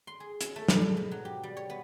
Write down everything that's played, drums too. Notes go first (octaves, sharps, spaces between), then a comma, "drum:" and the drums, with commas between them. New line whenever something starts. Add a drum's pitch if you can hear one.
C6
G#4
C#4, drum: hi-hat
A3
D4, drum: snare
G#2
B2
F#3
G4
G3
C#5
B3